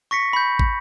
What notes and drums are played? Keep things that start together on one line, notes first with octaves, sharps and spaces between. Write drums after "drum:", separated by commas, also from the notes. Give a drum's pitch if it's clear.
C#6 A#6 B6 C#7
B5 G6
drum: kick